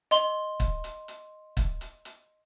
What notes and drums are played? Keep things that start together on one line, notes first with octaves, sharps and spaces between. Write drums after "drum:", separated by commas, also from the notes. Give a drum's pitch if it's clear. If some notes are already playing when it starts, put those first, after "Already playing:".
D#5 C6 G7, drum: hi-hat
drum: kick, hi-hat
drum: hi-hat
drum: hi-hat
drum: kick, hi-hat
drum: hi-hat
drum: hi-hat